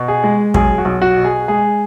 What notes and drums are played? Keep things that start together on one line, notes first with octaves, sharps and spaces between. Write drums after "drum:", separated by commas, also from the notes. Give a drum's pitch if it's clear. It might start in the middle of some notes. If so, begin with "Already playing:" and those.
Already playing: B2
G#4
G#3
B1 G#4, drum: kick
F#4
B1
F#4
B2
G#4
G#3 G#4